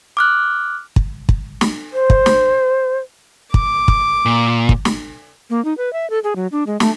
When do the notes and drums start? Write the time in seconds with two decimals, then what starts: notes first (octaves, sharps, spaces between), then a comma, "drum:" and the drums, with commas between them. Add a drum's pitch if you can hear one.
0.17 D6 F6 F#6
0.96 drum: kick
1.29 drum: kick
1.61 drum: snare
1.93 C5
2.10 drum: kick
2.26 drum: snare
3.54 D6, drum: kick
3.88 drum: kick
4.26 A#2
4.69 drum: kick
4.85 drum: snare
5.50 A#3
5.65 D#4
5.78 B4
5.93 E5
6.10 A4
6.24 G#4
6.36 F#3
6.52 D4
6.67 G#3
6.80 A3, drum: snare